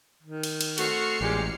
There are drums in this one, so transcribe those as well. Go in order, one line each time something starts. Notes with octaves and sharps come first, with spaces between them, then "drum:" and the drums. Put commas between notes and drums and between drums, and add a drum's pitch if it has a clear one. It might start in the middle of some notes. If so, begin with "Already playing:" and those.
D#3
drum: cymbal
drum: cymbal
A3 C4 F#4 F6 C7 C#7, drum: cymbal
A1 A#2 G#3 G4